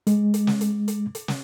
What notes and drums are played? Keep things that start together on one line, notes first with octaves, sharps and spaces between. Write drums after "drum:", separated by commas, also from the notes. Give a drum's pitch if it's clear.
G#3, drum: hi-hat
drum: hi-hat
drum: snare
drum: hi-hat
drum: hi-hat
drum: hi-hat
drum: snare